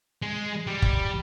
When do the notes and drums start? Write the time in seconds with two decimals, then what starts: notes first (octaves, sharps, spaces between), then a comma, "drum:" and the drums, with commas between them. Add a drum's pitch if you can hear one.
0.22 G#3
0.67 G3
0.82 drum: kick